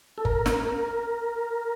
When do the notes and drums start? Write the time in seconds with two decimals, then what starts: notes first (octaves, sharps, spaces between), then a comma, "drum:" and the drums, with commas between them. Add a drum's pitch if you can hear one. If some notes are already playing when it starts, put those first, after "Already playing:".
0.18 A4
0.25 A#4, drum: kick G1
0.46 drum: snare
0.67 A#4